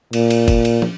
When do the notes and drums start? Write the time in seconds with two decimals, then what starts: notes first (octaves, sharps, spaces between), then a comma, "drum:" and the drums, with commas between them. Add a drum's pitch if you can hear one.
0.13 A#2, drum: cymbal
0.30 drum: cymbal
0.48 drum: kick, cymbal
0.65 drum: cymbal
0.82 drum: tom